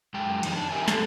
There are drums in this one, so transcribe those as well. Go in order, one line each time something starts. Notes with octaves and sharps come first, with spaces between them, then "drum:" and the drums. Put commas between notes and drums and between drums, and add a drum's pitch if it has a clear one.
F#2 G#3 G5
F2 D#3 D#4 C#5 D#5, drum: cymbal
D4
G4 A#4 E5 G#5
A4 D5, drum: snare